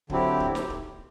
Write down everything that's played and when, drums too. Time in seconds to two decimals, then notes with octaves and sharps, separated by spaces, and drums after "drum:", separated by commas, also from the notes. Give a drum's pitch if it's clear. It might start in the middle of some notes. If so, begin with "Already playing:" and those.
0.10 D3 F#3 C4 E4 G4, drum: kick
0.40 drum: kick
0.55 drum: snare
0.70 drum: kick